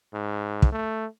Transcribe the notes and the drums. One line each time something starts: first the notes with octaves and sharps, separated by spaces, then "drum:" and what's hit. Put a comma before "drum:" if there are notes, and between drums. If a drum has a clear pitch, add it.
G#2
drum: kick
A3